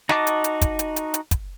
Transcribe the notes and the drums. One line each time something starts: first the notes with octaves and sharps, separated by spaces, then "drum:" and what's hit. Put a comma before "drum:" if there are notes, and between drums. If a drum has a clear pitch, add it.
D#4 F#4 D#5 A5 D6, drum: snare
drum: hi-hat
drum: hi-hat
drum: kick, hi-hat
drum: hi-hat
drum: hi-hat
drum: hi-hat
drum: kick, hi-hat